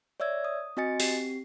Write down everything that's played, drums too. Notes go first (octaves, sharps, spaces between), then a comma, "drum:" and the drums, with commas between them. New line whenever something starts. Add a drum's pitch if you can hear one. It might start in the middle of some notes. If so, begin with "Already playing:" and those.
C#5 D5 E5 E6 G#6
D#6
C4 F#4 D#5 G#5 A6 C#7
C4 G4 C7, drum: open hi-hat